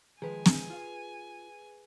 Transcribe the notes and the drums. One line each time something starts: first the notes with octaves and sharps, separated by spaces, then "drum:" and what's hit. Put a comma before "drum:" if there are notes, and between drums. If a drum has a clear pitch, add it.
D#3 F3 G#3 G#4 B4 G#5
drum: snare
F4 F5